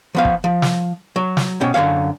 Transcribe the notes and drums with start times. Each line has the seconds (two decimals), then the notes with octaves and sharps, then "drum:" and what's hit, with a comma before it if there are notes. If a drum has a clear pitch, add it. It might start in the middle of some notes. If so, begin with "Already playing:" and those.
0.15 F3 B3 F5
0.25 drum: kick
0.44 F3
0.62 drum: snare
1.16 F#3
1.37 drum: snare
1.61 B2 C#4 G5
1.74 F#2 D3 F3 C#5 F5